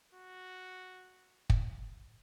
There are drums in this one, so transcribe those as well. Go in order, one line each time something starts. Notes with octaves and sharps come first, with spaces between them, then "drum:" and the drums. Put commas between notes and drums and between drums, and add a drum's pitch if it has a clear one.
F#4
drum: kick